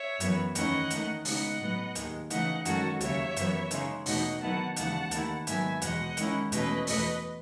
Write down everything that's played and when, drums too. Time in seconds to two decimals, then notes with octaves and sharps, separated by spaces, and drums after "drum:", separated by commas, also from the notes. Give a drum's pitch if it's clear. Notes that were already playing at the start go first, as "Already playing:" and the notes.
Already playing: C#5 E5
0.20 F#2 E3 B3, drum: hi-hat
0.55 E2 D#3 A3 C#4 E4 D#5 F#5, drum: hi-hat
0.90 D#3 A3 D#4, drum: hi-hat
1.25 C#3 G#3 B3 D#4 D#5 F#5, drum: open hi-hat
1.60 A2 F#3 B3
1.95 D#2 D#3 G#3, drum: hi-hat
2.30 C#3 E3 A3 D#4 D#5 F#5, drum: hi-hat
2.65 F#2 D#3 G#3 C#4 F#4 A4, drum: hi-hat
3.00 D#2 C#3 F#3 C#5 E5, drum: hi-hat
3.36 F#2 E3 B3, drum: hi-hat
3.71 C#3 G#3 D#4, drum: hi-hat
4.06 E2 B2 A3 D#4 D#5 F#5, drum: open hi-hat
4.41 D#3 F#3 B3 E4 F#5 A5
4.76 D#2 C#3 E3 G#3 D#4 F#5 A5, drum: hi-hat
5.11 D#2 D#3 A3 E4, drum: hi-hat
5.47 G#2 D#3 F#3 B3 E5 G#5, drum: hi-hat
5.82 E2 B2 G#3 D#5 F#5, drum: hi-hat
6.17 D#3 G#3 C#4 E4, drum: hi-hat
6.52 E2 B2 A3 C#4 E4 B4 D#5, drum: hi-hat
6.87 E2 B2 A3 B4 D#5, drum: open hi-hat